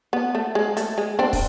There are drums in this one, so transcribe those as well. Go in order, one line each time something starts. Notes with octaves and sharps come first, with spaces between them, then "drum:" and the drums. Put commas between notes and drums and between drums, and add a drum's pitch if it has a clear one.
B3
A3
G#3
A3, drum: hi-hat
G#3
C4 D4
drum: kick, open hi-hat